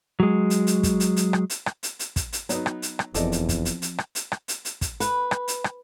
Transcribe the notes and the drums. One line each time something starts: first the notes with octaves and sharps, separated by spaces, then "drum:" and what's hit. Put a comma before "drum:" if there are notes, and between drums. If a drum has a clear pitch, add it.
F#3 G#3
drum: hi-hat
drum: hi-hat
drum: kick, hi-hat
drum: hi-hat
drum: hi-hat
drum: rim click
drum: hi-hat
drum: rim click
drum: hi-hat
drum: hi-hat
drum: kick, hi-hat
drum: hi-hat
F#3 B3 D#4, drum: hi-hat
drum: rim click
drum: hi-hat
drum: rim click
F1 E2 F3 C4 A4 D5 D#5, drum: hi-hat
drum: hi-hat
drum: kick, hi-hat
drum: hi-hat
drum: hi-hat
drum: rim click
drum: hi-hat
drum: rim click
drum: hi-hat
drum: hi-hat
drum: kick, hi-hat
B4, drum: hi-hat
drum: rim click
drum: hi-hat
drum: rim click